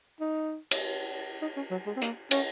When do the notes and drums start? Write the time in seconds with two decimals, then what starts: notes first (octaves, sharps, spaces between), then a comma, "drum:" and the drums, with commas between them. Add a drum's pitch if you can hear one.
0.20 D#4
0.71 drum: cymbal
1.42 D#4
1.57 C#4
1.71 F#3
1.86 G#3
1.97 C4
2.02 A#3, drum: hi-hat
2.31 C#4, drum: cymbal